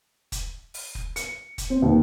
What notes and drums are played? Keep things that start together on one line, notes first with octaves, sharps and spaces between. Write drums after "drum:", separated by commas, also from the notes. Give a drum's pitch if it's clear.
drum: kick, hi-hat
drum: open hi-hat
drum: kick
C#7, drum: hi-hat
drum: kick, hi-hat
C4
D#2